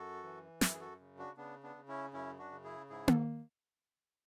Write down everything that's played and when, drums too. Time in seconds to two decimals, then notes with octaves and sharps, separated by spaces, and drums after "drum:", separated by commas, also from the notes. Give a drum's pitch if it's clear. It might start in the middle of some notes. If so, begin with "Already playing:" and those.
Already playing: F#2 F#4 A4
0.23 E3
0.61 F#2 E4 G#4, drum: snare
0.74 G#4
0.80 F#4 A4
1.00 C#3
1.18 D4 F#4
1.37 C#3 B3 D4
1.63 B3 D4
1.76 C#3
1.88 C#4 E4
2.13 F#2 C#4 E4
2.39 D4 F#4
2.52 C#3
2.64 E4 G#4
2.90 G#2 E4 G#4
3.08 A4, drum: tom A#3